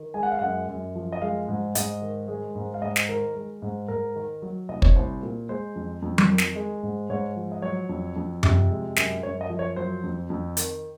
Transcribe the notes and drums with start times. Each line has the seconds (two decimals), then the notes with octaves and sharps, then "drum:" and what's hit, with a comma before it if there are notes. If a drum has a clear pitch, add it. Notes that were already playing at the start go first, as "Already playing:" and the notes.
Already playing: D#3
0.14 G#3 G#5
0.23 F#5
0.32 F5
0.39 F#2 F#5
0.68 F#2
0.95 F3
1.12 D#5
1.22 G#3 F5
1.48 G#2
1.75 G#2 D#5, drum: hi-hat
2.02 D#3
2.28 G#3
2.55 G#2
2.74 F5
2.82 G#2 D#5
2.96 drum: snare
3.09 D#3 A#4
3.35 G#3
3.62 G#2
3.88 G#2 A#4
4.16 D#3
4.42 F#3
4.69 C2 D#5
4.82 C#5, drum: kick
4.96 C2 C5
5.23 A#2
5.49 G#3 C5
5.76 F2
6.02 F2
6.18 drum: tom F#3
6.29 D#3
6.38 drum: snare
6.55 G#3
6.83 G#2
7.10 G#2 C#5
7.36 F3
7.52 D#5
7.62 F#3 C#5
7.89 F2
8.16 F2
8.43 C3, drum: tom F#2
8.70 G#3
8.97 F#2, drum: snare
9.23 F#2 C#5
9.41 D#5
9.50 F3
9.59 C#5
9.76 F#3 C5
10.04 F2
10.30 F2
10.57 D#3, drum: hi-hat